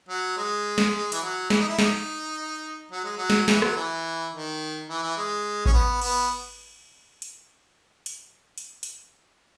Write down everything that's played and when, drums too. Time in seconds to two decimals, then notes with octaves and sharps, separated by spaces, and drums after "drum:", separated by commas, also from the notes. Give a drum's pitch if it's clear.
0.09 F#3
0.37 G#3
0.78 drum: snare
1.12 E3, drum: hi-hat
1.22 F#3
1.50 E3, drum: snare
1.60 D#4
1.68 E4
1.79 D#4, drum: snare
2.92 F#3
3.04 G#3
3.17 F#3
3.30 drum: snare
3.48 E3, drum: snare
3.62 F#3, drum: rim click
3.76 E3
4.32 D#3
4.89 E3
5.03 E3
5.17 G#3
5.66 C#4, drum: kick A1
5.74 B3
6.01 B3, drum: cymbal
7.22 drum: hi-hat
8.06 drum: hi-hat
8.58 drum: hi-hat
8.83 drum: hi-hat